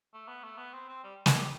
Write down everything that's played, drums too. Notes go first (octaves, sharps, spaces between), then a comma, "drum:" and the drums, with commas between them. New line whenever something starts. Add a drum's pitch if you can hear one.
A3
B3
A3
B3
C4
C4
G3
F#4, drum: snare
G4